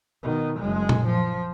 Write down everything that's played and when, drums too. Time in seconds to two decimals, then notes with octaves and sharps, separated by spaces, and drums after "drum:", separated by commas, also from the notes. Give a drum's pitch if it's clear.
0.23 B2 D#3
0.58 F#1 G#3
0.89 drum: tom A#2
1.06 F3